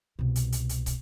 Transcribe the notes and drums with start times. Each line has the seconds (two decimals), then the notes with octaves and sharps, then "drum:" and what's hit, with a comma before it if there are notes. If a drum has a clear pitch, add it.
0.19 C2 B2
0.36 drum: hi-hat
0.52 drum: hi-hat
0.69 drum: hi-hat
0.86 drum: kick, hi-hat